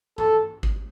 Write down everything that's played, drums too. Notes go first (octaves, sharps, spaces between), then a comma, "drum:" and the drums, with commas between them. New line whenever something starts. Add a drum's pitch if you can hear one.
A4, drum: tom G2
drum: kick G#1